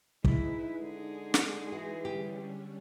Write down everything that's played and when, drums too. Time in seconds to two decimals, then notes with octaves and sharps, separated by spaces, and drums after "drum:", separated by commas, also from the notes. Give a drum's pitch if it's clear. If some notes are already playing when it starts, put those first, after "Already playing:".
0.24 G#3 D#4 E4 B4, drum: kick
0.80 D3 G#3 D#4 G#4
1.34 drum: snare
1.72 E3 F#4
2.05 D3 G3 C#4 G4